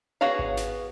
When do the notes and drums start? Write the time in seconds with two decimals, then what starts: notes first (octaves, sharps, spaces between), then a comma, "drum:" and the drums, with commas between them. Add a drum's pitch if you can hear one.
0.21 B3 F#4 G#4 C#5 F5
0.39 drum: kick G#1
0.57 drum: snare